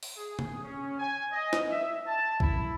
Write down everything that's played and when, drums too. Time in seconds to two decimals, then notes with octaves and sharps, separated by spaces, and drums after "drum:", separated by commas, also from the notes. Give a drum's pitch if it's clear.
0.03 drum: open hi-hat
0.17 G#4
0.39 drum: tom
0.64 C#4
0.98 G#5
1.32 D#5
1.53 drum: snare
1.70 E5
2.07 A5
2.40 E4, drum: kick A#1